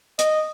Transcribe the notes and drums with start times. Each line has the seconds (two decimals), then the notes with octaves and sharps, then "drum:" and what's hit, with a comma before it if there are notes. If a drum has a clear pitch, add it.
0.19 D#5, drum: hi-hat